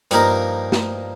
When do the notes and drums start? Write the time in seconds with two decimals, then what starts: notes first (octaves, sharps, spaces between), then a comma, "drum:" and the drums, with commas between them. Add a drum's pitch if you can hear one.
0.11 G2 F3 A#3 D#4 A#4, drum: hi-hat
0.72 drum: snare